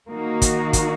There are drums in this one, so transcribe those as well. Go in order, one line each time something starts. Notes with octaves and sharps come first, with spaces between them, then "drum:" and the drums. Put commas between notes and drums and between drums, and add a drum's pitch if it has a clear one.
D#3 A#3 D#4 F#4
drum: kick, hi-hat
drum: kick, hi-hat